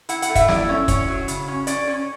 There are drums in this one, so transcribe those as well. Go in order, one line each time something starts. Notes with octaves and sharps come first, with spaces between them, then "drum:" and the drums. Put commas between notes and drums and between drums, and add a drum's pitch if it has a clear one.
E4 F#5, drum: hi-hat
F#5, drum: hi-hat
A3
E5, drum: kick, hi-hat
E4 D5, drum: snare
C#4
C#4 C#5, drum: kick, hi-hat
F#3
C#3, drum: hi-hat
C#4
C#4 D5, drum: hi-hat
C#4